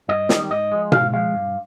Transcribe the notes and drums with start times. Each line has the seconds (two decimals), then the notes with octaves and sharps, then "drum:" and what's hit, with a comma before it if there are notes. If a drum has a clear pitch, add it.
0.09 G2 D#5
0.29 D#3 G3, drum: snare
0.50 G#2 D#5
0.72 F3 G#3
0.92 G#2 F5, drum: tom B2
1.13 F3 G#3 F5
1.35 G2